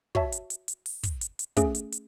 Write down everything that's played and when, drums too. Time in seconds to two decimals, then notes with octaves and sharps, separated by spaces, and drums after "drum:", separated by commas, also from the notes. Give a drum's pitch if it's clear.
0.15 F#4 C#5 E5 A5, drum: kick
0.32 drum: hi-hat
0.50 drum: hi-hat
0.68 drum: hi-hat
0.86 drum: open hi-hat
1.03 drum: kick, hi-hat
1.21 drum: hi-hat
1.39 drum: hi-hat
1.57 A3 C#4 G#4, drum: kick, hi-hat
1.75 drum: hi-hat
1.92 drum: hi-hat